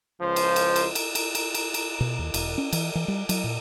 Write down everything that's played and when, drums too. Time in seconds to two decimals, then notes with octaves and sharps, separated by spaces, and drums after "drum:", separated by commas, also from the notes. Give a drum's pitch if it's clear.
0.21 C#2 F3 C5
0.36 drum: cymbal
0.56 drum: cymbal
0.76 drum: cymbal
0.95 drum: cymbal
1.15 drum: cymbal
1.35 drum: cymbal
1.54 drum: cymbal
1.74 drum: cymbal
2.01 B2
2.19 D#2
2.34 E1, drum: cymbal
2.58 C#4
2.73 E3, drum: cymbal
2.95 E3
3.08 G3
3.29 F#3, drum: cymbal
3.44 A#2